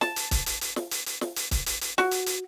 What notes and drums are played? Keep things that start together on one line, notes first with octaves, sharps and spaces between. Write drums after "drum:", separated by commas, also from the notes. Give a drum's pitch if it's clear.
A5, drum: snare
drum: hi-hat
drum: kick, hi-hat
drum: hi-hat
drum: hi-hat
drum: snare
drum: hi-hat
drum: hi-hat
drum: snare
drum: hi-hat
drum: kick, hi-hat
drum: hi-hat
drum: hi-hat
F#4, drum: snare
drum: hi-hat
drum: hi-hat